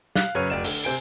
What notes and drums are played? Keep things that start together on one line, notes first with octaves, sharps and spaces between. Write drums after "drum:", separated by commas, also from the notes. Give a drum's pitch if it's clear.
F5 F#6, drum: snare
F#2 C#3 B4 C#5 F6 D#7
F1 D5 E7
D3, drum: open hi-hat
C3 C5 G#5 D7